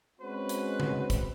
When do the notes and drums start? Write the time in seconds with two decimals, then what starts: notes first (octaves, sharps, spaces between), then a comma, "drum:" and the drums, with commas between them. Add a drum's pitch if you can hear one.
0.19 G#3 C4 C#4 F#4 B4 C5
0.49 drum: hi-hat
0.80 drum: tom C#3
1.10 drum: kick, hi-hat